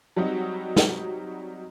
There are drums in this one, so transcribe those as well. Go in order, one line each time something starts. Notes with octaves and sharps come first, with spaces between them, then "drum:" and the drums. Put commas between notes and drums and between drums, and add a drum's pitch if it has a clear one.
F#3 G3 C4 D#4 F#4
drum: snare